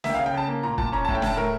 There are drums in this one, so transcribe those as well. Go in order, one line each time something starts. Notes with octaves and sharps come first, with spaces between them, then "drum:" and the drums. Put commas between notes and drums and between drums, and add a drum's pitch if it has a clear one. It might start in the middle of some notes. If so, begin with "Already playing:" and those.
A#3 E5, drum: snare
G5
F5
C#3
G5
C#3 A5
A#3
A#2 A#5
A#2 A5, drum: kick
C#4 A#5
A5
A2, drum: kick
G5
A2 A5, drum: snare
A3 A#4